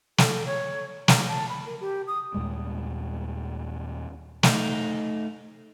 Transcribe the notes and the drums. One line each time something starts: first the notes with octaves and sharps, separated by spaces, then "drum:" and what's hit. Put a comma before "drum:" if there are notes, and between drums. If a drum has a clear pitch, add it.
A4, drum: snare
C#5
A#5, drum: snare
A5
B5
A#4
G4
D#6
D#2 A#2 G3 G#3
A3 D#4, drum: snare